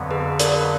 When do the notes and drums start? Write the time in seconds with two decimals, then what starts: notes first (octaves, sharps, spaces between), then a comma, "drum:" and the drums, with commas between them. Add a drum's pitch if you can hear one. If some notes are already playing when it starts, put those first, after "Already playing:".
Already playing: F2 D3 F#3 B3
0.11 G#4 B4
0.40 A#4 D5, drum: hi-hat